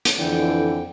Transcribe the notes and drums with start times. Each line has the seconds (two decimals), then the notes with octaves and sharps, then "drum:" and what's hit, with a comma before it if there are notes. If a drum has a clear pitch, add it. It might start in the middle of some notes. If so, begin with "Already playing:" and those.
0.05 drum: hi-hat
0.20 F2 D3 E3 G5